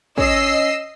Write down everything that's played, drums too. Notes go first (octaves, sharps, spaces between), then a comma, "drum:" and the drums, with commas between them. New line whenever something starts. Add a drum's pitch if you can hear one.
C#4 D#5 E6 C7, drum: kick